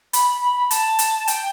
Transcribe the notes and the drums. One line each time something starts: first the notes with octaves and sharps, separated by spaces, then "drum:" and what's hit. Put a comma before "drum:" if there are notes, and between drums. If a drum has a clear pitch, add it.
B5, drum: hi-hat
B5
B5
A5, drum: hi-hat
drum: hi-hat
G5, drum: hi-hat